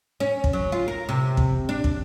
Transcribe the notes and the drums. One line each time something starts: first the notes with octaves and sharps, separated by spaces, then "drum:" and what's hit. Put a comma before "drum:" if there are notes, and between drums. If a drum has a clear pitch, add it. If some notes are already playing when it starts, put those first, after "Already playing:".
C#4
drum: kick
F#3
F4
A#4
C3
drum: kick
D4
drum: kick